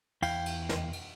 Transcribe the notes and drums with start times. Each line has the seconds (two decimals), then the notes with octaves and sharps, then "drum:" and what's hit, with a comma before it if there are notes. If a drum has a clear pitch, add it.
0.22 E2 E4 F5 G5, drum: cymbal
0.46 drum: cymbal
0.69 drum: snare
0.93 drum: cymbal